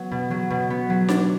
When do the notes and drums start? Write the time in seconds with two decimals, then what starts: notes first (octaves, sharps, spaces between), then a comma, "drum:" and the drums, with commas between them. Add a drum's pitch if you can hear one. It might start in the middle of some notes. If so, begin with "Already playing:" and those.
Already playing: F#3 B3
0.11 B2
0.30 F#3
0.50 B2
0.70 B3
0.90 F#3
1.09 D4, drum: snare D#4